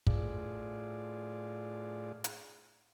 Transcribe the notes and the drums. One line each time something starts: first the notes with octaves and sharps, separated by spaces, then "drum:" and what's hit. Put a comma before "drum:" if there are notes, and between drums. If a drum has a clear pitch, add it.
A2 F4 G#4 D5, drum: kick
drum: hi-hat